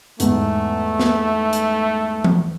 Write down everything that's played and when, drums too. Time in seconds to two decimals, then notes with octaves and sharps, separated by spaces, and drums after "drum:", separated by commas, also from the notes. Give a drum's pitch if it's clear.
0.20 E2 G#2 A3, drum: hi-hat
1.00 drum: snare
1.53 drum: hi-hat
2.24 drum: tom E3